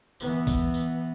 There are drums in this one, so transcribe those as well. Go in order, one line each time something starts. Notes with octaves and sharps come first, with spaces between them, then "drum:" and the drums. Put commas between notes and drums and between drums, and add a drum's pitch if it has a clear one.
E3 B3, drum: tambourine
drum: kick A1, tambourine
drum: tambourine